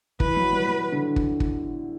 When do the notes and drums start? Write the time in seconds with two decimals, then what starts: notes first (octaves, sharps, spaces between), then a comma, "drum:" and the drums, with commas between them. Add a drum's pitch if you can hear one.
0.20 E3 B4, drum: kick
0.37 F#3
0.52 G3
0.69 G3
0.92 D3
1.16 drum: kick
1.40 drum: kick